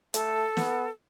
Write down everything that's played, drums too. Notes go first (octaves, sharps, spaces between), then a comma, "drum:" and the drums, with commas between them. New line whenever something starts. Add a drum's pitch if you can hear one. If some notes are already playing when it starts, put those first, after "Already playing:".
A3 A4, drum: hi-hat
B3, drum: snare